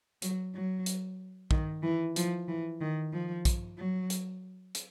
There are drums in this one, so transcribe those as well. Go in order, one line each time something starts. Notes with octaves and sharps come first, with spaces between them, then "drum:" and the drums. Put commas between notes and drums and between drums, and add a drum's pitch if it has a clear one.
F#3, drum: hi-hat
F#3
drum: hi-hat
D#3, drum: kick
E3
F3, drum: hi-hat
E3
D#3
F3
drum: kick, hi-hat
F#3
drum: hi-hat
drum: hi-hat